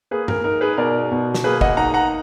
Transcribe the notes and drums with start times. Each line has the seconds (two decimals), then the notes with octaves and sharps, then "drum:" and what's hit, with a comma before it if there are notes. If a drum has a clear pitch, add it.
0.11 A#3 G#4 B4
0.28 A#4, drum: tom G2
0.44 D#4 A#4
0.61 G#4 B4
0.77 B2 A#4 D5
1.12 B2
1.34 drum: snare
1.44 A#3 G#4 B4
1.61 D#5 F#5, drum: kick
1.77 D#4 F#5 A#5
1.94 F#5 A#5